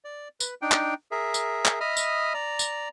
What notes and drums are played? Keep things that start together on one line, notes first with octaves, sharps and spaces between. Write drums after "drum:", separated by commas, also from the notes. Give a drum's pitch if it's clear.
D5
B4, drum: tambourine
D4 D#4 G5
drum: clap
G#4 A#4 E5
drum: tambourine
drum: clap
D#5 E5 B5 D#6 F6
drum: tambourine
D5 A#5
drum: tambourine